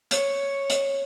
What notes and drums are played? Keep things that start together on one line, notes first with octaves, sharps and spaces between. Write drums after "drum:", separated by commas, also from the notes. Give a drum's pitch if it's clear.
C#5, drum: hi-hat
drum: hi-hat